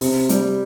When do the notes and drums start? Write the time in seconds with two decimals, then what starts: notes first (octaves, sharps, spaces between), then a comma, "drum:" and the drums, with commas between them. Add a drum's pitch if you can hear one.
0.01 C3, drum: open hi-hat
0.29 G3, drum: hi-hat